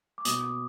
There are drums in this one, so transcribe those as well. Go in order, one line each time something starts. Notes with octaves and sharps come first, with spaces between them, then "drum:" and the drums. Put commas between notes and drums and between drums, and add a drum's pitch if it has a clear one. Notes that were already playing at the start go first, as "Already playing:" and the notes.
D6
B2 D#6, drum: hi-hat